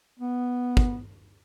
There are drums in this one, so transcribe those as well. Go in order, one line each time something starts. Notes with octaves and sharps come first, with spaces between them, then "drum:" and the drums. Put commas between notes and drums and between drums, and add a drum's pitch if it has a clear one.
B3
drum: kick